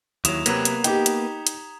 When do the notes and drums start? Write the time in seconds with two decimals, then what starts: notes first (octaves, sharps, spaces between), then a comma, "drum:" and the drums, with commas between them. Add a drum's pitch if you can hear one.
0.25 D#2 F#3 E4 D#6 E7 F7, drum: hi-hat
0.46 C3 F#3 A#3 B3 B4 A#5 G#6 B6, drum: hi-hat
0.65 drum: hi-hat
0.84 D#4 G4 G5, drum: hi-hat
1.06 drum: hi-hat
1.47 drum: hi-hat